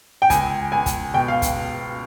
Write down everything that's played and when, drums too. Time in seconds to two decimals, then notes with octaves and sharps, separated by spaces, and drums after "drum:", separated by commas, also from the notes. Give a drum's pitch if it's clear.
0.22 G5
0.30 C#2 G#5, drum: kick, hi-hat
0.72 C#2 G#5
0.86 drum: kick, hi-hat
1.14 B2 G5
1.28 F5
1.42 drum: kick, hi-hat